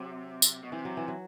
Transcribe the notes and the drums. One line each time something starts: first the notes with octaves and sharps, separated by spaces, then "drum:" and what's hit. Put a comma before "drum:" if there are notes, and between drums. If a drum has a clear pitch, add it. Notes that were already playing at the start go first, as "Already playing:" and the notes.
Already playing: C3 F#3
drum: tambourine
B2
C3 E3
F#3
E3
F#3